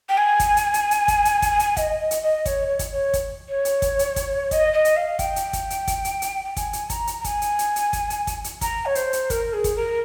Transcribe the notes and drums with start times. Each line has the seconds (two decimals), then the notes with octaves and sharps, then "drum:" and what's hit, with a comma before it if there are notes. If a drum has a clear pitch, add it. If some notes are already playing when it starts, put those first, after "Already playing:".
0.09 G5
0.17 G#5
0.40 drum: kick, hi-hat
0.57 drum: hi-hat
0.74 drum: hi-hat
0.91 drum: hi-hat
1.08 drum: kick, hi-hat
1.25 drum: hi-hat
1.42 drum: kick, hi-hat
1.59 drum: hi-hat
1.77 D#5, drum: kick, hi-hat
1.99 D#5
2.11 drum: hi-hat
2.22 D#5
2.46 C#5, drum: kick, hi-hat
2.68 C#5
2.79 drum: kick, hi-hat
2.91 C#5
3.14 drum: kick, hi-hat
3.48 C#5
3.65 drum: hi-hat
3.82 drum: kick, hi-hat
3.99 drum: hi-hat
4.16 drum: kick, hi-hat
4.51 D#5, drum: kick, hi-hat
4.73 D#5
4.85 drum: hi-hat
4.96 F5
5.19 G5, drum: kick, hi-hat
5.36 drum: hi-hat
5.53 drum: kick, hi-hat
5.70 drum: hi-hat
5.87 drum: kick, hi-hat
6.05 drum: hi-hat
6.22 drum: hi-hat
6.44 G5
6.57 G#5, drum: kick, hi-hat
6.73 drum: hi-hat
6.90 A#5, drum: kick, hi-hat
7.07 drum: hi-hat
7.19 A#5
7.24 G#5, drum: kick, hi-hat
7.42 drum: hi-hat
7.59 drum: hi-hat
7.76 drum: hi-hat
7.93 drum: kick, hi-hat
8.10 drum: hi-hat
8.27 drum: kick, hi-hat
8.44 drum: hi-hat
8.61 A#5, drum: kick, hi-hat
8.86 C#5
8.95 C5, drum: hi-hat
9.13 drum: hi-hat
9.30 A#4, drum: kick, hi-hat
9.53 G#4
9.64 drum: kick, hi-hat
9.76 A#4